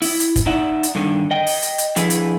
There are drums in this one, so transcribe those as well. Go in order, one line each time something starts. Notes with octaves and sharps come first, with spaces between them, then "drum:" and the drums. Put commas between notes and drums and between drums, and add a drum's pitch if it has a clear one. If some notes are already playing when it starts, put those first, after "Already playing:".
E4, drum: open hi-hat
drum: hi-hat
drum: kick, hi-hat
D#4 D5 E5 F#5
drum: hi-hat
G2 D3 D#3
D#5 G5
drum: open hi-hat
drum: hi-hat
drum: hi-hat
D3 F3 E4 G#4 B4, drum: hi-hat
drum: hi-hat